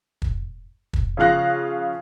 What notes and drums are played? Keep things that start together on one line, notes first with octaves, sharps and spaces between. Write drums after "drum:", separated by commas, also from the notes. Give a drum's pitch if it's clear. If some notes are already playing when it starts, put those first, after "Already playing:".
drum: kick
drum: kick
C#3 F3 F4 F5 F#6 A#6